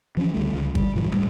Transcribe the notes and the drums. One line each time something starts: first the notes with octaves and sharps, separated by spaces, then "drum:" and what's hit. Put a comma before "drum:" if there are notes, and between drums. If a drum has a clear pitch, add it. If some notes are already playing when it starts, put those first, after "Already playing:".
E3 F3 C4 C#4
C#2 D3 G3 A3
C#2
G3, drum: kick
G2 A#2 E3 G3
A1 A2 G3 G#3